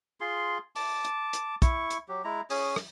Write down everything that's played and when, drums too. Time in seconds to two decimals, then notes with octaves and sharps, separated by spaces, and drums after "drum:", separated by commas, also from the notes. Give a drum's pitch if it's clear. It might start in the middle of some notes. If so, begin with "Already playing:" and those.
0.20 F4 G#4 C6
0.76 A5 D6, drum: open hi-hat
1.05 drum: hi-hat
1.33 drum: hi-hat
1.62 E4 C#6, drum: kick, hi-hat
1.90 drum: hi-hat
2.08 F#3 G4
2.24 G#3 E4 A#5
2.50 C#4 G#4 C#5 D#6, drum: open hi-hat
2.76 drum: rim click